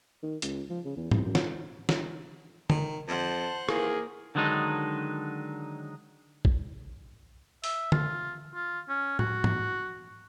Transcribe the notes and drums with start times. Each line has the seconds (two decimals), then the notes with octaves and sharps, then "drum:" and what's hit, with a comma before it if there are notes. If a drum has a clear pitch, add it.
0.23 D#3
0.42 C#2, drum: hi-hat
0.70 F3
0.85 C#3
0.97 E2
1.11 C2, drum: tom
1.25 F#2
1.35 drum: snare
1.89 drum: snare
2.70 D#3, drum: tom D3
3.08 F2 C5 F#5 A5
3.69 D#2 E3 A#3 G#4, drum: rim click
4.35 D3 D#3 F#3 G#3 D4 D#4
6.45 drum: kick
7.64 E5, drum: open hi-hat
7.92 F4, drum: tom D3
8.55 F4
8.89 C#4
9.19 F#4, drum: tom A2
9.44 drum: tom